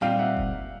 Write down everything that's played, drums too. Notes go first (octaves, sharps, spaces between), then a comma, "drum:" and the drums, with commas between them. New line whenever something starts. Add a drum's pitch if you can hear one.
A#2 G3 C4 D#4 F5 G5
E5 F#5
drum: kick F1